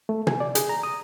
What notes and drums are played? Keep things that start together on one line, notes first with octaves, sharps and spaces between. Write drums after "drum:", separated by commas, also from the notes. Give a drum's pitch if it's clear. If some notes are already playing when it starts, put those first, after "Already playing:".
A3
G#5, drum: tom
D5
G#4, drum: hi-hat
A#5
D#6